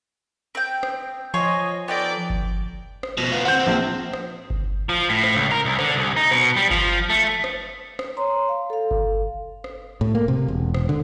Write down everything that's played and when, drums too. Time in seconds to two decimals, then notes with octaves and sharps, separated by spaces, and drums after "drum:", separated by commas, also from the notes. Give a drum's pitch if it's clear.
0.55 C4 G5
0.83 drum: rim click
1.34 F3 C#5 D#5 G#5 C6
1.88 B3 D#4 A4 D5 G5
2.30 drum: kick G1
3.03 drum: rim click
3.18 B2 F3
3.32 B3 F4
3.45 C4 F#5 G6
3.67 A#1
4.13 drum: rim click
4.50 drum: kick G1
4.89 F3
5.09 A2
5.24 drum: rim click
5.36 C#2
5.52 A#4
5.65 C2
5.79 D3, drum: rim click
5.96 C2
6.16 D#4
6.31 B2, drum: rim click
6.57 G3
6.71 F3, drum: kick G1
7.10 A3
7.44 drum: rim click
7.99 drum: rim click
8.17 C#5 A#5 C6
8.49 F5
8.70 A4 F5
8.91 drum: kick G1
9.64 drum: rim click
10.01 A2
10.15 A#3
10.28 C3
10.48 E1
10.74 drum: rim click
10.89 D3